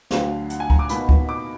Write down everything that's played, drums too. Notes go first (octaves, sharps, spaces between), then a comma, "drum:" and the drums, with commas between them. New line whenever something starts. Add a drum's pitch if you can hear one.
D2 D3 F#3 F5, drum: snare
F#5, drum: hi-hat
G#5
A#5, drum: kick
D6
B2 A#3 D#4 B5, drum: hi-hat
drum: kick
D6